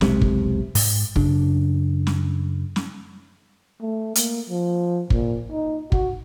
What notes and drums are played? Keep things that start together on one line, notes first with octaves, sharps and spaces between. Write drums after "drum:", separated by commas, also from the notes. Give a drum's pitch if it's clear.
E1 B1 C3 G#3, drum: snare
drum: kick
G#2, drum: open hi-hat
F#2 C#3 D4, drum: kick
drum: snare
drum: snare
A3
A#3, drum: hi-hat
F3
A#2, drum: kick
D#4
F#4, drum: kick